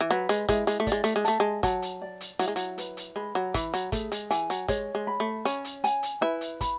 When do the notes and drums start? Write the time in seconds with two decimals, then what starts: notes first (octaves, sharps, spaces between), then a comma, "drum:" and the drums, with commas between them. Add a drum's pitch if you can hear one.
0.01 E3
0.10 F#3 B4
0.29 G#3, drum: hi-hat
0.49 G#3 E4, drum: kick, hi-hat
0.67 G#3, drum: hi-hat
0.80 A3
0.87 D5, drum: kick, hi-hat
0.92 G#3
1.04 A3, drum: hi-hat
1.16 G#3
1.25 A3 A5, drum: hi-hat
1.40 G#3
1.63 F#3 A5, drum: kick, hi-hat
1.82 drum: hi-hat
2.02 D5
2.21 drum: hi-hat
2.39 F#3 E4, drum: hi-hat
2.48 G#3
2.56 F#3, drum: hi-hat
2.78 B4, drum: hi-hat
2.97 drum: hi-hat
3.16 G#3 B5
3.35 F#3
3.54 E3 B5, drum: kick, hi-hat
3.74 F#3, drum: hi-hat
3.92 A3 G#4, drum: kick, hi-hat
4.12 G#3, drum: hi-hat
4.31 E3 G#5, drum: hi-hat
4.50 F#3, drum: hi-hat
4.68 G#3 C#5, drum: kick, hi-hat
4.95 G#3
5.07 B5
5.20 A3
5.45 C#4 C#5, drum: hi-hat
5.64 drum: hi-hat
5.84 G#5, drum: hi-hat
6.03 drum: hi-hat
6.21 E4 B4
6.41 drum: hi-hat
6.61 B5, drum: kick, hi-hat